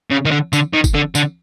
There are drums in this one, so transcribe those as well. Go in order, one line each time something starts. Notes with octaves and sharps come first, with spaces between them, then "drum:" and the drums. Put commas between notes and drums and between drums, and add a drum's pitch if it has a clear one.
C#3
D#3
D3
D3, drum: tambourine
D#3
drum: kick, tambourine
D3
D3, drum: tambourine